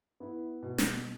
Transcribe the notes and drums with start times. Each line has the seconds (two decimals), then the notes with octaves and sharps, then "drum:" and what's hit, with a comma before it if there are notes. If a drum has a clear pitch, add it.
0.20 B3 E4
0.63 B2
0.78 drum: snare